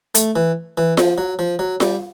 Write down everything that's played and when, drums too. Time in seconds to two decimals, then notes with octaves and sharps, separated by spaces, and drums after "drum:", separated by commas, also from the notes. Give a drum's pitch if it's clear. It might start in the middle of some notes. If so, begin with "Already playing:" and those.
0.15 A3, drum: hi-hat
0.36 E3
0.78 E3
0.97 F3, drum: snare F4
1.18 F#3
1.39 F3
1.59 F#3
1.80 G3, drum: snare F4